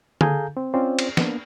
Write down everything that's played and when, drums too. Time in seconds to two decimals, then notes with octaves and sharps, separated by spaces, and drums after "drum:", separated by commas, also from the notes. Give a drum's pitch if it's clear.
0.21 G#4 A4 F5 G#5 A#5 G6, drum: tom D3
0.57 C4
0.74 C4 C#4 F4 C5 D5
0.99 drum: cymbal
1.17 A#3 B3 D4, drum: snare